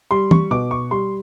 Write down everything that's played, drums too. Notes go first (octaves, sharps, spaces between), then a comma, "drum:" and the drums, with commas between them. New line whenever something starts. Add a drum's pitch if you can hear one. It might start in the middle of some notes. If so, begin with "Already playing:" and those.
G3 C6
C#6, drum: tom E3
B2 D6
C#6
G3 C6